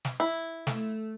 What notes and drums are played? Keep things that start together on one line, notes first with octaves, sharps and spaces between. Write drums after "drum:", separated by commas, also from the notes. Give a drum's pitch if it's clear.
drum: snare
E4
A3, drum: snare